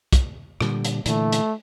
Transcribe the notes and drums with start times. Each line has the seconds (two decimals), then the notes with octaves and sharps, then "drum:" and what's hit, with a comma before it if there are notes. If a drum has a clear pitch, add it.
0.13 drum: kick, hi-hat
0.61 A#2 D3 G3, drum: rim click
0.85 drum: hi-hat
1.06 A#2 D3 E3 A3, drum: hi-hat
1.33 drum: hi-hat